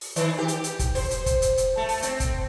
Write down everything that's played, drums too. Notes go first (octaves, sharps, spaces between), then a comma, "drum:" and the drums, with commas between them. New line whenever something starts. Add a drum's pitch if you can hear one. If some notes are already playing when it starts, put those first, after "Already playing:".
drum: open hi-hat
D#3, drum: hi-hat
G4
drum: hi-hat
drum: hi-hat
drum: kick, hi-hat
C5, drum: open hi-hat
drum: hi-hat
drum: kick, hi-hat
drum: hi-hat
drum: hi-hat
A3
drum: open hi-hat
C4, drum: hi-hat
drum: kick, hi-hat